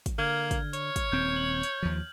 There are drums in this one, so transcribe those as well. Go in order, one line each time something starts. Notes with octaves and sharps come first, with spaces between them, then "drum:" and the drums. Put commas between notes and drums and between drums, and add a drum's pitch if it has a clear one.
drum: kick, hi-hat
D3 A#3 F6 G#6
drum: kick, hi-hat
C#5, drum: hi-hat
drum: kick, hi-hat
D#1 C4 G6
F#7
drum: hi-hat
D#2 F3